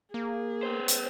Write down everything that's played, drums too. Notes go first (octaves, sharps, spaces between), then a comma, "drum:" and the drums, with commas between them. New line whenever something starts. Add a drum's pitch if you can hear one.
A#3 G#4
B3 C5
drum: hi-hat